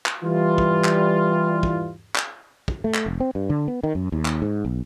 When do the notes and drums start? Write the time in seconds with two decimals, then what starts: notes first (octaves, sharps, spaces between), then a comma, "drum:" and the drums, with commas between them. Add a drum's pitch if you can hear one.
0.06 drum: clap
0.22 E3 G3 F4
0.58 drum: kick
0.84 drum: clap
1.63 drum: kick
2.16 drum: clap
2.68 drum: kick
2.84 A3
2.94 drum: clap
3.06 F1
3.20 C4
3.35 G2
3.50 D3
3.68 B3
3.83 D#3
3.95 F#2
4.12 D#2
4.25 drum: clap
4.42 G#2
4.65 B1